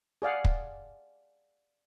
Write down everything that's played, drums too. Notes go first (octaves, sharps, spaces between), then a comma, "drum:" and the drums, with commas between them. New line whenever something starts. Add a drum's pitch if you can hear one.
G#4 D5 F5 F#5
drum: kick